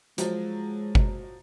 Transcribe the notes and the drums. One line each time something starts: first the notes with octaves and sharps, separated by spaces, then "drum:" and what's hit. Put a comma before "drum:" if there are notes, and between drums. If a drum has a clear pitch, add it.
F3 F#3 G#3, drum: hi-hat
drum: kick G1